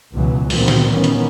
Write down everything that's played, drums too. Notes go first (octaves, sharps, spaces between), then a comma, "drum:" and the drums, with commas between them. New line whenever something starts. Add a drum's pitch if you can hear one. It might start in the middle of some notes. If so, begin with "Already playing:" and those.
C#2 B2 E3 F#3
A#2 D#3 F#3 G3 B3 C4, drum: open hi-hat
drum: snare
D#3 E3 B3 C#4
drum: hi-hat